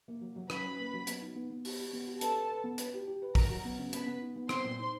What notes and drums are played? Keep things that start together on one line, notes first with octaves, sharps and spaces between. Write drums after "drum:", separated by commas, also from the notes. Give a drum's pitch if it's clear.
A#3
F#3
F#3
C#4 B4 B5, drum: rim click
C#4
A#3
F#3
B3, drum: hi-hat
D#4
B3
B3
G4, drum: open hi-hat
G4
B3
G4
A4 B4 A5, drum: hi-hat
B4
B4
B3
B4, drum: hi-hat
G4
G4
B4
F#3 A#4 A#5, drum: kick A1, open hi-hat
F#3
B3
C#3
B3 B4 B5, drum: hi-hat
B3
D#4
B3
C4 C5 C6, drum: rim click
A#2
D#4